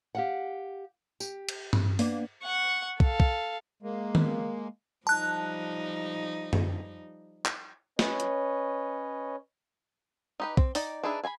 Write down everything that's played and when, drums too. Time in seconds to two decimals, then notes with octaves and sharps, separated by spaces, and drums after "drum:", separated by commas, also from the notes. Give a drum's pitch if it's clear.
0.15 G4 F5 F#5
1.20 G4, drum: tambourine
1.49 drum: cymbal
1.73 drum: tom G2
1.99 A#3 B3 D4, drum: open hi-hat
2.43 F#5 C#6
3.00 A4 F5, drum: kick
3.20 drum: kick
3.82 G#3 A#3
4.15 drum: tom
5.07 F3 G3 D#4 A5 F#6
6.53 drum: tom F#2
7.46 drum: clap
7.99 C#4 B4 C#5 D#5, drum: snare
8.20 drum: hi-hat
10.40 D#4 G4 B4
10.57 C4, drum: kick
10.75 D#4 D5 G5, drum: open hi-hat
11.03 D4 D#4 G#4 B4 E5
11.23 G#4 G#5 A#5 B5